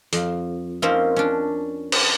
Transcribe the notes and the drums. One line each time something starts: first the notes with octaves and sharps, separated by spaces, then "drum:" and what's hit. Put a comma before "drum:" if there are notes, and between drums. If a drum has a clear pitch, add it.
F2, drum: hi-hat
A#3 C4 C#4 D#4 A#4 C5
C#4 D4
drum: cymbal